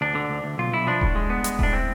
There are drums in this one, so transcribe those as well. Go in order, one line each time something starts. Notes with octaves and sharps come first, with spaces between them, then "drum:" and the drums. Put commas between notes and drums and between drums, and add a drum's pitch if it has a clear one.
D2 D4
D3
D2
D2
B1 F4
B1 E4
F3 D4
A2, drum: kick D#1
G#3
B3
G#3, drum: hi-hat
A2 D4, drum: kick D#1
C4